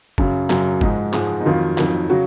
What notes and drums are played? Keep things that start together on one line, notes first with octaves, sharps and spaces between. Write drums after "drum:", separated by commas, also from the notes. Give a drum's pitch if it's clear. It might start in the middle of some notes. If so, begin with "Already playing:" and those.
F#2 C#3 F#3, drum: kick
F#2 C#3 F#3, drum: clap
G#2 F3 G#3 D#4, drum: kick
G#2 F3 G#3, drum: clap
D#4
F2 D#3 F#3 F4
F2 D#3 F#3, drum: clap
C#3 F#3 F#4